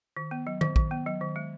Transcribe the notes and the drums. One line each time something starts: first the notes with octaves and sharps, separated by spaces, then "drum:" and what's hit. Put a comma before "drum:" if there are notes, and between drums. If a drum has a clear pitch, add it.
D#3
B3
F#3
D#3, drum: tom D#3
D#3, drum: kick
B3
F#3
D#3
G#3